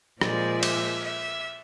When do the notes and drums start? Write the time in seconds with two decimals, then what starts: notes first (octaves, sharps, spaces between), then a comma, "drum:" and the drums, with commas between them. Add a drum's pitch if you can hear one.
0.21 A#2 F3 G#3 D5, drum: rim click
0.63 E5, drum: cymbal
1.05 E5